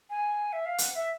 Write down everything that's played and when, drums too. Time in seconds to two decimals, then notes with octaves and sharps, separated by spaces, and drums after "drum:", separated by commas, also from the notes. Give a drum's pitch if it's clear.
0.10 G#5
0.53 E5
0.65 F5
0.78 F#5, drum: hi-hat
0.95 E5